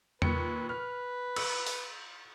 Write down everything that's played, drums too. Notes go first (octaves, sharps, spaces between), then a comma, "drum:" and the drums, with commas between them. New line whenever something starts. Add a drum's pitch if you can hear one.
D#2 A#2 B4 C#7, drum: tom E2
B4 F6
E6, drum: cymbal
drum: open hi-hat